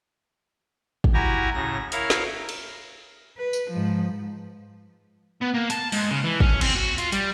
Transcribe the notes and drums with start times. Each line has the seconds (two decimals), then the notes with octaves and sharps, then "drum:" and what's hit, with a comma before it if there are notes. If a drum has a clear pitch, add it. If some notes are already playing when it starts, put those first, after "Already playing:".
1.04 drum: kick
1.14 E4 F#4 G4 G#5 A#5
1.54 A2 C#3 A#6
1.92 E4 A#4 C#5 F5, drum: hi-hat
2.10 drum: snare
2.49 drum: cymbal
3.37 B4
3.53 drum: tambourine
3.70 G#2 F3
5.41 B3
5.54 A#3
5.70 A5, drum: hi-hat
5.92 G#2, drum: open hi-hat
6.11 C#3
6.24 E3
6.40 C#4, drum: kick
6.61 C4, drum: cymbal
6.75 F#4
6.98 F4, drum: hi-hat
7.12 G3, drum: hi-hat